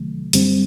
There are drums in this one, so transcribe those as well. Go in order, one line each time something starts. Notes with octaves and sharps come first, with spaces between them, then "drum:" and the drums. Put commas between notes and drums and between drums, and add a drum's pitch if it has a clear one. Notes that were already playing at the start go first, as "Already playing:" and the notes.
Already playing: C2 C3 D#3 F#3 A3
F#2 D3 G3 C4, drum: hi-hat